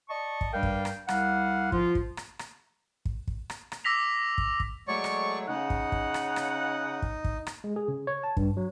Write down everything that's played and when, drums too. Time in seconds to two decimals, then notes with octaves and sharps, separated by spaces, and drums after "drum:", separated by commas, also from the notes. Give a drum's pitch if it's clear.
0.09 D5 D#5 A5 C#6
0.41 drum: kick
0.54 G2 G3 A#4 D5 F5 G5
0.63 drum: kick
0.85 drum: rim click
1.09 C2 G3 F5 F#5, drum: rim click
1.72 F3 F4, drum: kick
1.95 drum: kick
2.17 drum: rim click
2.39 drum: rim click
3.05 drum: kick
3.28 drum: kick
3.50 drum: rim click
3.72 drum: rim click
3.84 D6 E6 A#6 B6 F7
4.38 drum: kick
4.60 drum: kick
4.88 F#3 G#3 A3 C#5 D5 C#6
5.04 drum: rim click
5.48 C#3 D#4 F#5
5.70 drum: kick
5.92 drum: kick
6.14 drum: rim click
6.36 drum: rim click
7.02 drum: kick
7.24 drum: kick
7.47 drum: rim click
7.64 G#3
7.76 G#4
7.88 C#3
8.07 C#5
8.24 A5
8.37 G2, drum: kick
8.57 F#3